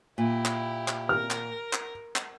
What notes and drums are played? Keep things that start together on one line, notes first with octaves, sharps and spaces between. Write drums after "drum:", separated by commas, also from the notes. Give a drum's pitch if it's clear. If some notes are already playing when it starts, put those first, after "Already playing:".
A#2 E4 G4
drum: clap
drum: clap
A#4 F6
drum: clap
drum: clap
drum: clap